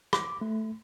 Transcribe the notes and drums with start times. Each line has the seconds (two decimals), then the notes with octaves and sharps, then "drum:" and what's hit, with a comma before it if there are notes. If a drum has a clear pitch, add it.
0.13 D6, drum: rim click
0.41 A3